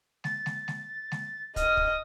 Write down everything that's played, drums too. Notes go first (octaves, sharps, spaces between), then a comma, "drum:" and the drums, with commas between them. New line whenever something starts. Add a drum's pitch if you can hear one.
A6, drum: snare
drum: snare
drum: snare
drum: snare
D#5 D#6 F6, drum: kick, hi-hat
drum: kick